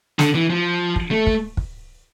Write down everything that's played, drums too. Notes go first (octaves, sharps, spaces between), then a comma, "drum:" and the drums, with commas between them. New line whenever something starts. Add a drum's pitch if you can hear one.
D3, drum: snare
E3
F3
drum: kick
A3
drum: kick
drum: kick